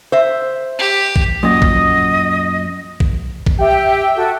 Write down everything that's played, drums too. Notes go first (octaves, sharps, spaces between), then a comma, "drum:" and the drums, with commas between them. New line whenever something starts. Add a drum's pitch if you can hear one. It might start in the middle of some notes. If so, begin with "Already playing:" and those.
C5 E5
G4
drum: kick
F#2 A#2 D#5 D#6
drum: kick
drum: kick
drum: kick
G4 E5 G5
F#4 A4